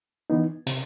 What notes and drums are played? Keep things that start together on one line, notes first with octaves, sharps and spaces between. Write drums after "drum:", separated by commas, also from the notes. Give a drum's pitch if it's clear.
E3 B3 D#4
C3, drum: hi-hat